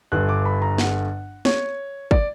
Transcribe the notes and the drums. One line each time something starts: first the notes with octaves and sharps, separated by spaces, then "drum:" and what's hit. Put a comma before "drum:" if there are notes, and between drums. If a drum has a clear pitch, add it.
G1 G2 D3 F#6
D6
B5
A#5
F#5, drum: snare
C#5, drum: snare
D5, drum: kick